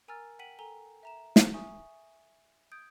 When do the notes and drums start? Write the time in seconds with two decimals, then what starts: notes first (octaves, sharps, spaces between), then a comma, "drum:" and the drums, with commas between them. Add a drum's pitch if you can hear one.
0.08 A#4 G#5 A#5 E6 F6 A6
0.39 F#5 G5 B6 D#7 F#7
0.59 A4 G#5 A#5 G7
1.03 E5 A#5 E7
1.36 drum: snare
1.53 E5 G#5 C#6 D#6
2.72 D#6 G6 G#6 D7